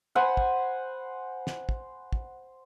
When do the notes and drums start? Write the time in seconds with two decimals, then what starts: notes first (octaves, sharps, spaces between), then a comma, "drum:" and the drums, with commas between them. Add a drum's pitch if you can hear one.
0.15 C5 F#5 G#5 B5
0.37 drum: kick
1.47 drum: snare
1.69 drum: kick
2.13 drum: kick